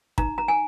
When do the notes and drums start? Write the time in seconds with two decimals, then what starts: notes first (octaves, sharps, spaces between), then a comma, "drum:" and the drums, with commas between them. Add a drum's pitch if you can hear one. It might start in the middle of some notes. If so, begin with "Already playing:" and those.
0.18 D#4 A#5, drum: kick
0.38 A#5
0.48 G#5